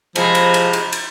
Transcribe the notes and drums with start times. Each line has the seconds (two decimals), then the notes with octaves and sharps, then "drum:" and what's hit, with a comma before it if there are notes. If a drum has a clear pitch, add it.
0.16 C3 F3 G#3 A#5 B5, drum: cymbal
0.35 drum: cymbal
0.54 drum: cymbal
0.73 drum: cymbal
0.92 drum: cymbal